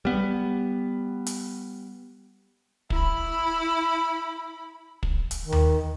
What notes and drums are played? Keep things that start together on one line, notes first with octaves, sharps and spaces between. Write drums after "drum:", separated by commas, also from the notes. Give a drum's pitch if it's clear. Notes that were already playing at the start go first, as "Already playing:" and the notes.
G3 B3
drum: hi-hat
E4 B5, drum: kick
drum: kick
drum: hi-hat
D#3
drum: tom D#2